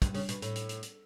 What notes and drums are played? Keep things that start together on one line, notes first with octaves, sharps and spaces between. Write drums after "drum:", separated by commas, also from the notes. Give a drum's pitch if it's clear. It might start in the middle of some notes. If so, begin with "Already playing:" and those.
G2, drum: kick, hi-hat
C#3, drum: open hi-hat
B2, drum: hi-hat
A2, drum: hi-hat
drum: hi-hat
drum: hi-hat
drum: hi-hat